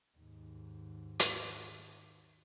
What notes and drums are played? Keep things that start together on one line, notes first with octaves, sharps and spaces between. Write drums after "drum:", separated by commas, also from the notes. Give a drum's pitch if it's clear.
D#2 G#2
drum: hi-hat